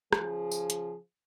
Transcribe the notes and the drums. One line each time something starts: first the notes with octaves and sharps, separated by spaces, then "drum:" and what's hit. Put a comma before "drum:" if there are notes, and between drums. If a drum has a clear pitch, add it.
C#3 F3 G#4, drum: rim click
drum: tambourine
drum: hi-hat